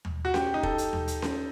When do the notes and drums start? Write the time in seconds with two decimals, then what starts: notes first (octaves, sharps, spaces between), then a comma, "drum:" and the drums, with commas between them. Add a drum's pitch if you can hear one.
0.05 drum: tom D#2
0.25 F#4
0.34 G4, drum: snare C#4
0.54 D#4
0.63 A4, drum: kick
0.78 drum: hi-hat
0.93 drum: tom D#2
1.08 drum: hi-hat
1.22 drum: snare C#4